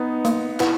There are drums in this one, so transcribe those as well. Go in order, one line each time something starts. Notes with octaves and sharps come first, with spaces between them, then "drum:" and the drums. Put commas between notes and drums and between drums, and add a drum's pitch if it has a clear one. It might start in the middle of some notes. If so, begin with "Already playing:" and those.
Already playing: B3 D#4
A#3, drum: hi-hat
E4 B4 F#5, drum: clap